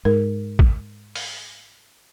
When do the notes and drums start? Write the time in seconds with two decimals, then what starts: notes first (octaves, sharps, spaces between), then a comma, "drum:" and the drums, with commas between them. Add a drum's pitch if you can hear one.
0.05 G#2 A#4
0.59 drum: kick A1
1.15 drum: open hi-hat